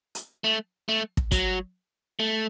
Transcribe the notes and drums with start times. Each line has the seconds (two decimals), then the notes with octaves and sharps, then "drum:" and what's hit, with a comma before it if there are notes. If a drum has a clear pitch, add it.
0.15 drum: hi-hat
0.44 A3
0.89 A3
1.17 drum: kick
1.32 F#3, drum: kick, hi-hat
2.20 A3